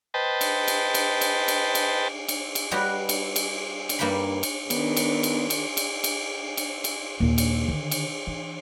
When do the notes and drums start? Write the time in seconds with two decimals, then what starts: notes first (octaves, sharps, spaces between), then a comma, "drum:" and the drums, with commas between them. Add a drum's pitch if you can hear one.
0.14 B4 C5 D#5 G5 A5
0.41 drum: cymbal
0.68 drum: cymbal
0.94 drum: cymbal
1.21 drum: cymbal
1.48 drum: cymbal
1.75 drum: cymbal
2.28 drum: cymbal
2.55 drum: cymbal
2.71 G3 F#4 G4 B4 C#5 D#5
3.09 drum: cymbal
3.36 drum: cymbal
3.89 drum: cymbal
3.99 G2 A#3 G4 G5 B5
4.43 drum: cymbal
4.70 D#3 B3 D4, drum: cymbal
4.97 drum: cymbal
5.23 drum: cymbal
5.50 drum: cymbal
5.77 drum: cymbal
6.04 drum: cymbal
6.57 drum: cymbal
6.84 drum: cymbal
7.20 D#2 A#2
7.38 drum: cymbal
7.68 D3 D#3
7.91 drum: cymbal
8.27 E3